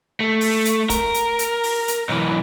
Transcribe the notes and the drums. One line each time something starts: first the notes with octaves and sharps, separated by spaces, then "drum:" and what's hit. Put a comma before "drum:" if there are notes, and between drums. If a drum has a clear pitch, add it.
A3
drum: open hi-hat
drum: hi-hat
A#4, drum: kick, hi-hat
drum: hi-hat
drum: hi-hat
drum: open hi-hat
drum: hi-hat
B1 E3